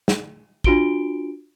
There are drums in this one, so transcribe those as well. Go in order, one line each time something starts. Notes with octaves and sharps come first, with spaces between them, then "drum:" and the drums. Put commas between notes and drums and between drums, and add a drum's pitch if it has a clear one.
drum: snare
D4 F4 F#4 D7 G7, drum: kick